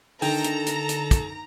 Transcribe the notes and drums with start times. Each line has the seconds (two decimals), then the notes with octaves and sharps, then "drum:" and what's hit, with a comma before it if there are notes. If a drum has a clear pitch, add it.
0.22 D3 D#3 A4 G5 A#5, drum: open hi-hat
0.44 drum: hi-hat
0.67 drum: hi-hat
0.89 drum: hi-hat
1.11 drum: kick, hi-hat